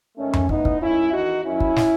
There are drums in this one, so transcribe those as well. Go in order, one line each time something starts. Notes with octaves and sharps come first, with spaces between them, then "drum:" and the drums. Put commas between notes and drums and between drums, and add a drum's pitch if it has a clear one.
G#2 D#3 A3 C#4
drum: tom F2
A2 E3 B3 D#4, drum: kick
drum: kick
G#2 D#3 C#4 E4
E2 D#3 D#4 F#4
F#2 D#3 C#4 E4
drum: kick
drum: snare